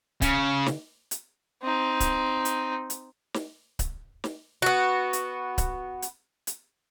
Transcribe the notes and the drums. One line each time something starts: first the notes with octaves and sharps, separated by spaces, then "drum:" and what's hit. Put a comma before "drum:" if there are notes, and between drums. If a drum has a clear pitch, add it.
C#3, drum: kick C#1, hi-hat
drum: snare
drum: hi-hat
C4 D#4
drum: kick C#1, hi-hat
drum: hi-hat
drum: hi-hat
drum: snare
drum: kick C#1, hi-hat
drum: snare
B3 F#4
drum: hi-hat
drum: kick C#1, hi-hat
drum: hi-hat
drum: hi-hat